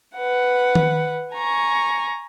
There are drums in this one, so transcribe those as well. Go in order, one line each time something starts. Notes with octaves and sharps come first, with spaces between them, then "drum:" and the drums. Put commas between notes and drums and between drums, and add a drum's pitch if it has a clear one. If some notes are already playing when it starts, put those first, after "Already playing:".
B4 F#5
drum: tom D#3
G#5 A#5 C#6